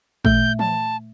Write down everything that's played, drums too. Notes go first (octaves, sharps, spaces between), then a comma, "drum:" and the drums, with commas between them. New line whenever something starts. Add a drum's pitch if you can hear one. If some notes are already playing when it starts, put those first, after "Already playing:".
A#2 A3 E5 G6, drum: kick A1
A5, drum: tom E3